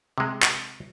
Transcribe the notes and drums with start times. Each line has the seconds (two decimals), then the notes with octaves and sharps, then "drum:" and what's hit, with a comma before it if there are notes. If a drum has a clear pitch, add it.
0.18 C3 G#3
0.43 drum: clap